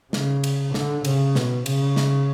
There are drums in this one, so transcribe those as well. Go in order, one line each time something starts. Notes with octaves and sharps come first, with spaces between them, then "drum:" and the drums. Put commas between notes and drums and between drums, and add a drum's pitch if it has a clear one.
C#3, drum: snare
drum: cymbal
D3, drum: snare
C#3, drum: cymbal
B2, drum: snare
C#3, drum: cymbal
drum: snare